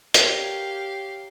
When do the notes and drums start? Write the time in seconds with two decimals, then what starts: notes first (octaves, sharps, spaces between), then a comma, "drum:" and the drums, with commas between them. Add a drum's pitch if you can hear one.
0.14 G4 A#4 C#5 F5, drum: hi-hat